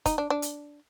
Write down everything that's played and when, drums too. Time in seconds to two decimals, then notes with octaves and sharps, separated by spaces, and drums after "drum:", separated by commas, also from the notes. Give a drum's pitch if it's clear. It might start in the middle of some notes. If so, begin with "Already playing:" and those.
0.06 D#4, drum: kick, hi-hat
0.18 D4
0.30 D4
0.42 drum: hi-hat